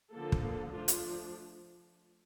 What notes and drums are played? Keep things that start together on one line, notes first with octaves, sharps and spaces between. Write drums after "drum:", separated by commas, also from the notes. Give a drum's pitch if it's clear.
D3 F3 A#3 A4
drum: kick
F3 A3 D4 F4
drum: hi-hat